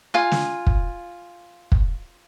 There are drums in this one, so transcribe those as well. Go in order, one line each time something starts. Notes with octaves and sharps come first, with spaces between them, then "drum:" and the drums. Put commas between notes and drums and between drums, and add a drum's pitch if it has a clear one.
F4 G#5
drum: snare
drum: kick
drum: kick